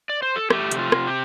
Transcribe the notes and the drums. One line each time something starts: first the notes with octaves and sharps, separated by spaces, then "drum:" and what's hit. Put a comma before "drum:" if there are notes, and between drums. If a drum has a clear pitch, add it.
D5
C5
A4
A3 G4, drum: rim click
C3, drum: hi-hat
F4
C3, drum: rim click
G4